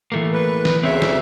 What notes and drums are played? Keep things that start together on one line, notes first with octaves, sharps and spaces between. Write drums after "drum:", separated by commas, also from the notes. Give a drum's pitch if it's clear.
E3 A3 A#3
B4
drum: snare
D2 C#3 C4 C#5 E5
drum: snare